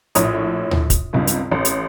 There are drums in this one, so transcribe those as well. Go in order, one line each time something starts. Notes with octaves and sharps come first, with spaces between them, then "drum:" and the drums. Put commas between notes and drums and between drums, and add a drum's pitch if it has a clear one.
A#1 A2 C#5 D#6, drum: hi-hat
drum: tom D2
drum: kick, hi-hat
G#1 C#2 G2
drum: hi-hat
A1
drum: hi-hat